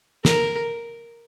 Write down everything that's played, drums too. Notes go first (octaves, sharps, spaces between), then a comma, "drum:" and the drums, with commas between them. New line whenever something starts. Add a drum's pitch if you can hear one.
A#4, drum: snare